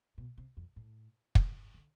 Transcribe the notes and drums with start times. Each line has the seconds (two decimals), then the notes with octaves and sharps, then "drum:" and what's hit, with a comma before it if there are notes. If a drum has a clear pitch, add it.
0.18 B2
0.37 C3
0.57 F2
0.76 A2
1.35 drum: kick
1.74 D3